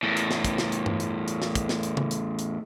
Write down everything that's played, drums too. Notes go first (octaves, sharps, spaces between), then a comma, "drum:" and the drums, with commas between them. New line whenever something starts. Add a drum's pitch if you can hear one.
E2 A2
drum: hi-hat
drum: snare
drum: kick, hi-hat
drum: snare
drum: hi-hat
drum: tom G2
drum: hi-hat
drum: hi-hat
drum: snare
drum: kick, hi-hat
drum: snare
drum: hi-hat
drum: tom C#3
drum: hi-hat
drum: hi-hat